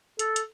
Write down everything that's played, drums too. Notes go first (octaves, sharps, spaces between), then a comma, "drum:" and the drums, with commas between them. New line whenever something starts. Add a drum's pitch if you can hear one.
A4, drum: hi-hat
drum: hi-hat